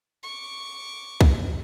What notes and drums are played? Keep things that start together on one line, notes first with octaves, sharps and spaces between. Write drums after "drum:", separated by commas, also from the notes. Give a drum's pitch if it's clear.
C#6 D6
drum: kick C2